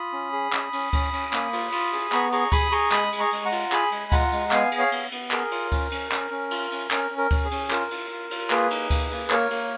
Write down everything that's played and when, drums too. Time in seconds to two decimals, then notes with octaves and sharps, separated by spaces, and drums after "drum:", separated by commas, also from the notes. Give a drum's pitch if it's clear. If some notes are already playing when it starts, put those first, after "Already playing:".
Already playing: F4 B5 D#6
0.13 C#4
0.33 G#4
0.53 C#4, drum: clap
0.73 C#4, drum: cymbal
0.93 C#4, drum: kick D2, cymbal
1.13 C#4, drum: cymbal
1.33 A#3, drum: clap
1.53 F4, drum: cymbal
1.72 F4, drum: cymbal
1.93 G#4, drum: cymbal
2.12 B3 A#5 C#6, drum: clap
2.32 G#4 A#5 C#6, drum: cymbal
2.52 G#4 B5 D#6, drum: kick D2, cymbal
2.72 G#4 A#5 C#6, drum: cymbal
2.92 G#3 B5 D#6, drum: clap
3.13 G#4, drum: cymbal
3.19 A#5 C#6
3.33 G#3, drum: cymbal
3.45 F#5 A#5
3.52 F4, drum: cymbal
3.72 G#4 G#5 B5, drum: clap
3.92 G#3, drum: cymbal
4.12 F4 F#5 A#5, drum: kick D2, cymbal
4.32 G#3, drum: cymbal
4.51 B3 F5 G#5, drum: clap
4.72 G#4, drum: cymbal
4.78 C#5 F5
4.92 B3, drum: cymbal
5.12 B3, drum: cymbal
5.31 G#4 A#4, drum: clap
5.51 F4, drum: cymbal
5.72 C#4, drum: kick D2, cymbal
5.91 C#4, drum: cymbal
6.12 C#4, drum: clap
6.31 C#4
6.51 F4, drum: cymbal
6.72 C#4, drum: cymbal
6.91 C#4 A#4, drum: clap
7.11 C#4
7.18 A#4
7.31 C#4, drum: kick D2, cymbal
7.45 G#4
7.51 C#4, drum: cymbal
7.70 F4 A#4, drum: clap
7.91 F4, drum: cymbal
8.11 F4
8.31 F4, drum: cymbal
8.50 A#3 G#4 B4, drum: clap
8.71 D#4, drum: cymbal
8.90 A#3, drum: kick D2, cymbal
9.11 A#3, drum: cymbal
9.30 A#3 A#4 C#5, drum: clap
9.51 A#3, drum: cymbal